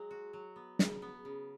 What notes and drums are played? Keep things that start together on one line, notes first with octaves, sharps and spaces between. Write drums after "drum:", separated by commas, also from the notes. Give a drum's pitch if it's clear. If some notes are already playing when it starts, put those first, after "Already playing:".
Already playing: F#3 G#3
F#4
F#3
B3
C#3, drum: snare
B3
C#3